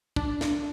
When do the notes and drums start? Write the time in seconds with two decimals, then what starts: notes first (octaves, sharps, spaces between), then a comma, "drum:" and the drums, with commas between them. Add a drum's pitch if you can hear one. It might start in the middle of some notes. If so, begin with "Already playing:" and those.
0.16 D4, drum: kick
0.41 drum: snare